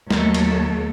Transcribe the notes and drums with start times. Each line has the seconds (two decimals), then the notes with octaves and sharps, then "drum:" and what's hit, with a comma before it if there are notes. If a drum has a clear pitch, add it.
0.10 D#2 F#3 A3 A#3 A4, drum: snare A3
0.34 drum: cymbal